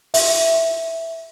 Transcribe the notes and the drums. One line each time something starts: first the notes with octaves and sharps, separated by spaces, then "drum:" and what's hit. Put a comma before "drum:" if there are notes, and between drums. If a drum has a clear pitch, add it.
E5, drum: open hi-hat